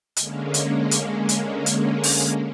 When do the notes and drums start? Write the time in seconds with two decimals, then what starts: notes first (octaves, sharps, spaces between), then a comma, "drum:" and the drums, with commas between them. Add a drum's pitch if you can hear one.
0.16 D3 G#3 A#3 C#4, drum: hi-hat
0.54 drum: hi-hat
0.91 drum: hi-hat
1.29 drum: hi-hat
1.66 drum: hi-hat
2.03 drum: open hi-hat